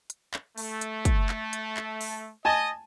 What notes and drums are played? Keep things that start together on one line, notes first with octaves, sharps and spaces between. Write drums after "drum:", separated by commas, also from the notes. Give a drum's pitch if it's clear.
drum: hi-hat
drum: clap
A3, drum: open hi-hat
drum: hi-hat
drum: kick, hi-hat
drum: clap
drum: hi-hat
drum: clap
drum: open hi-hat
D#5 G#5 A5